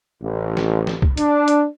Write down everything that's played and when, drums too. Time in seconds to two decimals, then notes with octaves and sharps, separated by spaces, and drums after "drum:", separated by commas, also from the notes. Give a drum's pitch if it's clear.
0.22 A1
0.57 drum: snare
0.87 drum: snare
1.02 drum: kick C2
1.17 D4, drum: hi-hat
1.48 drum: hi-hat